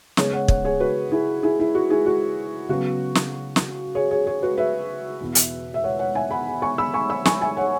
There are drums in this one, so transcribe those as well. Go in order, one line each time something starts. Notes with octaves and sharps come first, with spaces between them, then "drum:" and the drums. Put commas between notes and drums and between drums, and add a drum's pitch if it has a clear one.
C#3 G#3 B3 G#4 C#5, drum: snare
C#5 F#5
C#5 F#5, drum: kick
G#4 C#5
F#4 B4
E4 G#4
E4 G#4
E4
F#4
E4 G#4
F#4
C#3 F#3 B3 F#4
drum: snare
drum: snare
G#4 C#5
G#4 C#5
G#4 C#5
F#4 B4
B4 E5
E2 B2 B3
drum: hi-hat
E5
C#5 F#5
C#5 F#5
E5 G#5
F#5 B5
G#5 C#6
B5 E6
G#5 C#6
B5 E6
G#5 C#6, drum: snare
E5 G#5
C#5 F#5